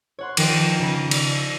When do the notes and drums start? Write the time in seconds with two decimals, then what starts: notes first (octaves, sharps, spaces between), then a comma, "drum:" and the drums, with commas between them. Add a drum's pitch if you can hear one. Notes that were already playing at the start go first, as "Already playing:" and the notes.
0.19 C#5 F#5 C6
0.37 D#3 F3 A#4 B4 G5 D7, drum: cymbal
0.79 C#3
1.11 D5, drum: cymbal